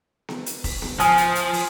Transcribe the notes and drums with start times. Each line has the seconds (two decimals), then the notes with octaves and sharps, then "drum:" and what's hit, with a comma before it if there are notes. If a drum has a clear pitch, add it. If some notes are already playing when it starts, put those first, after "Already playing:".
0.29 drum: snare B3
0.46 drum: hi-hat
0.64 drum: kick F1, open hi-hat
0.82 drum: snare B3
1.00 F3 G#5 D#6, drum: hi-hat
1.18 drum: hi-hat
1.35 drum: hi-hat
1.53 drum: open hi-hat